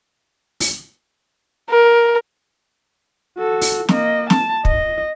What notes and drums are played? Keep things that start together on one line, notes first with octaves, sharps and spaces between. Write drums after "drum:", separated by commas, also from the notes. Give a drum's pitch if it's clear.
drum: open hi-hat
A#4
F#4 A4
drum: open hi-hat
A#3 D#5, drum: snare
A5, drum: snare
D#5, drum: kick